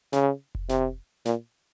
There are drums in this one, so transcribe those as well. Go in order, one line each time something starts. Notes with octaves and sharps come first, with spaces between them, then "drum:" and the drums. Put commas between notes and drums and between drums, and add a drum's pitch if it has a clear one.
C#3, drum: snare
drum: kick F1
C3, drum: snare
A#2, drum: snare